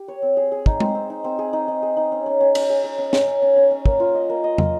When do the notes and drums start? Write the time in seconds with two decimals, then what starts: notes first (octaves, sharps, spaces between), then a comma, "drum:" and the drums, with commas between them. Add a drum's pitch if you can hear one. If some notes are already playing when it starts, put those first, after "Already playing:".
Already playing: G4
0.08 C#5
0.22 C4
0.37 G#4
0.52 G#4
0.66 D#4, drum: kick
0.80 C4, drum: tom G#3
0.95 C4
1.10 D#4
1.24 C4
1.39 G#4
1.53 D#4
1.68 D#4
1.82 G#4
1.97 D#4
2.12 C#4
2.26 C#4
2.40 C#4
2.55 C#4, drum: cymbal
2.70 G#4
2.84 G#4
2.98 C#4
3.13 C#4, drum: snare
3.27 C#4
3.42 C#4
3.56 C#4
3.71 C#4
3.85 A#3, drum: kick
4.00 F4
4.15 D#5
4.30 A#3
4.44 D#5
4.58 F4, drum: tom